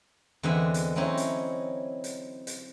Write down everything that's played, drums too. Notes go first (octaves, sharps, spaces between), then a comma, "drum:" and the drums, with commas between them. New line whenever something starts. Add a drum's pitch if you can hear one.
E2 D3 C4 D#5 E5
drum: hi-hat
F#3 C4 C#4 D#4 E4
drum: hi-hat
drum: hi-hat
drum: hi-hat